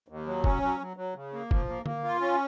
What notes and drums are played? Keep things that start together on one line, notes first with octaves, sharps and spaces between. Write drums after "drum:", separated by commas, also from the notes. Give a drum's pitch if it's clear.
D#2
F#3
C#4, drum: kick
F#3
F#3
F#3
C#3
A#3
F3, drum: kick
A#3
A#3, drum: tom D3
F4
C#4